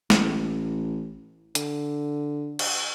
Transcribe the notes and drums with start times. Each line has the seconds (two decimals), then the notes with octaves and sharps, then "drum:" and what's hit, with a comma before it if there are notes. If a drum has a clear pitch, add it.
0.10 A1, drum: snare
1.55 D3, drum: hi-hat
2.59 drum: cymbal